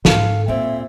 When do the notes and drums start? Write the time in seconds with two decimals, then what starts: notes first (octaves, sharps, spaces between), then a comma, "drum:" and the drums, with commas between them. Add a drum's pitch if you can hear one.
0.05 G#2 D#3 A4 F5, drum: snare
0.48 D#2 A#2 C4 E5